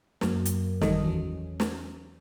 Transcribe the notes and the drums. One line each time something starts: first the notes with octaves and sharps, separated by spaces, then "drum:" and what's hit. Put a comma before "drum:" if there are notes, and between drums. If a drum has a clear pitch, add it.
F#2 F#3 A#3, drum: snare
drum: hi-hat
G#1 D#3 E3 G3 A4 D#5, drum: snare
E2 E3 F#3 C#4
drum: snare